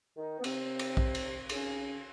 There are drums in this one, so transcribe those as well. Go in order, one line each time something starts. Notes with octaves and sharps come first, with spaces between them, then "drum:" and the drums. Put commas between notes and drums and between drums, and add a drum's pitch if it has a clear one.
D#3 D#4
B3
C3 C4, drum: cymbal
drum: cymbal
drum: kick
drum: cymbal
C#3 C#4, drum: cymbal